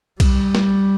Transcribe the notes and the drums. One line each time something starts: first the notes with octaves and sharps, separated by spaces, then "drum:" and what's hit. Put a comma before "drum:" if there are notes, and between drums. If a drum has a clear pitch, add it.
G3, drum: kick B1, cymbal
drum: snare